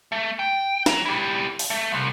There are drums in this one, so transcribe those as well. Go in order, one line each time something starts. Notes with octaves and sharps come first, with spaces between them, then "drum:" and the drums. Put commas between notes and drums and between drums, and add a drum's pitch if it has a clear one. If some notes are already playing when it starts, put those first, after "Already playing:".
A3
G5
F#3, drum: snare
E4 G4
drum: open hi-hat
A3
C2